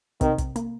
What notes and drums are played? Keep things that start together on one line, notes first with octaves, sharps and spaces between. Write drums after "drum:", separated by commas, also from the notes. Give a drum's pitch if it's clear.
C3 D#3, drum: kick, hi-hat
drum: kick, hi-hat
A#3, drum: hi-hat